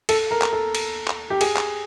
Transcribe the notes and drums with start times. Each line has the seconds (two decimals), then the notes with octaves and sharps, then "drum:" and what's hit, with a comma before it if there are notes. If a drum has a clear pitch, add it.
0.09 A4, drum: cymbal
0.31 A#4
0.42 drum: clap
0.53 A4
0.75 drum: cymbal
1.07 drum: clap
1.30 G4
1.41 G#4, drum: cymbal
1.57 drum: clap